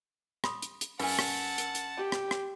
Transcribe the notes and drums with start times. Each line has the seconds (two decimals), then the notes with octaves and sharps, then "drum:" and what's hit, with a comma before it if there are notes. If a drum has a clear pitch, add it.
0.44 B5 C6 D#6, drum: rim click
0.62 drum: hi-hat
0.81 drum: hi-hat
1.00 F#2 B4 F#5 G#5 A5, drum: open hi-hat
1.19 drum: rim click
1.58 A#4, drum: hi-hat
1.75 drum: hi-hat
1.97 G4
2.12 drum: rim click
2.31 drum: rim click